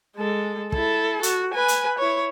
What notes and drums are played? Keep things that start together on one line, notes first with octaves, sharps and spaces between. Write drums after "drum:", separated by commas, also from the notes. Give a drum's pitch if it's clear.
G#3 A4
E4 A4, drum: kick
F#4, drum: hi-hat
B4 G#5
drum: hi-hat
E4 C#5